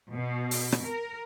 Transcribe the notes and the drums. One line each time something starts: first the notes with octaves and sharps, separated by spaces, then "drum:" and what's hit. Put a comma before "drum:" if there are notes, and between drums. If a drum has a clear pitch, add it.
B2
drum: open hi-hat
drum: rim click
A#4